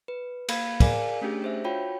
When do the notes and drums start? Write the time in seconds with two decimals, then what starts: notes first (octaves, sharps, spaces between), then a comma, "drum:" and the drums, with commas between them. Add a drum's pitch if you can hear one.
0.08 B4
0.49 A#3 A4 F5 B5 G#6, drum: cymbal
0.80 G#4 A#4 D5 F5 G#5, drum: kick, cymbal
1.21 A3 C#4 D4 G4 G#4
1.42 D4 C5 E5
1.64 F4 F#4 C#5 G5 B5